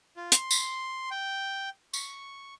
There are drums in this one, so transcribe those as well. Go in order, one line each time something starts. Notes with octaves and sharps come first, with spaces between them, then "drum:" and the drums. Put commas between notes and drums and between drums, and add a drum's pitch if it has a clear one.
F4
C6, drum: hi-hat
drum: tambourine
G5
C#6, drum: tambourine